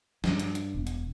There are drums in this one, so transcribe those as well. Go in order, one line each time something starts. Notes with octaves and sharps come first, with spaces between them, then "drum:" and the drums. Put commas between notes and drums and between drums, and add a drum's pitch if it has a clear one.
G2, drum: snare
drum: hi-hat
drum: hi-hat
E1
drum: hi-hat